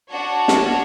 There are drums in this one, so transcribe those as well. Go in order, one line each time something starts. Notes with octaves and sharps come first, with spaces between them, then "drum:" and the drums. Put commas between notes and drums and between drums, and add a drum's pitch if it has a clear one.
D4 F#4 C#5 F#5 A5
drum: snare